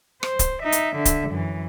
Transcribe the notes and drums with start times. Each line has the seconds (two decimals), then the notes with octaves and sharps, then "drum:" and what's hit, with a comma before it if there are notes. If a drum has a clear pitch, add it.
0.23 C5, drum: rim click
0.39 drum: kick C#1, hi-hat
0.62 D#4 E5
0.72 drum: hi-hat
0.96 D3 E5
1.05 drum: kick C#1, hi-hat
1.30 F#2 E3